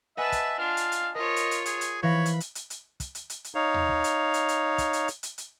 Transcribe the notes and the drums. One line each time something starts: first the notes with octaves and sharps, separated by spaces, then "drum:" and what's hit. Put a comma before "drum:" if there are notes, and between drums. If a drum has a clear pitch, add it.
B4 D#5 E5 F#5 G#5 A5
drum: kick, hi-hat
D4 F4 F5
drum: hi-hat
drum: hi-hat
F4 A#4 C#5 D#5
drum: hi-hat
drum: hi-hat
G#4, drum: hi-hat
drum: hi-hat
E3 C#5 F5 B5 A#6
drum: hi-hat
drum: hi-hat
drum: hi-hat
drum: hi-hat
drum: kick, hi-hat
drum: hi-hat
drum: hi-hat
drum: hi-hat
D#4 C#5 F5
drum: tom D#2
drum: kick
drum: hi-hat
drum: hi-hat
drum: hi-hat
drum: kick, hi-hat
drum: hi-hat
drum: hi-hat
drum: hi-hat
drum: hi-hat